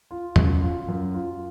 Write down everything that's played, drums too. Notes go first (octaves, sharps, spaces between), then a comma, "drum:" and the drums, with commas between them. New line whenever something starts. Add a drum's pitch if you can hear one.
F4
F#2, drum: tom
F4
F#2
F4